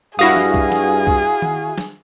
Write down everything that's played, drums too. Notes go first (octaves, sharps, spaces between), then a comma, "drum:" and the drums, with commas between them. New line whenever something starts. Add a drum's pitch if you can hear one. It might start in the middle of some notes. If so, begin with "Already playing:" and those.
G2 E4 F#4 G#4 F5 D#6 A#6
drum: snare
drum: kick C2
drum: snare
drum: kick C2
drum: tom D#3
drum: snare